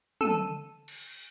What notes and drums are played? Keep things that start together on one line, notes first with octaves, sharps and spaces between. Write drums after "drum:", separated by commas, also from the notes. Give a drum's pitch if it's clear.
A4 D#7, drum: tom
drum: cymbal